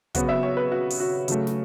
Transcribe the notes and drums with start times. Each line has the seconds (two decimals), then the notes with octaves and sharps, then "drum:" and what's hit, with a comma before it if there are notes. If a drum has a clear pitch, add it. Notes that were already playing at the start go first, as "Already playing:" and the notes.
0.15 C#3 F#3 B3 F#4, drum: kick, hi-hat
0.29 E5
0.43 C#5
0.57 B4
0.72 F#4
0.90 drum: open hi-hat
1.00 F#4
1.28 C#3 F#3 A3, drum: hi-hat
1.47 drum: snare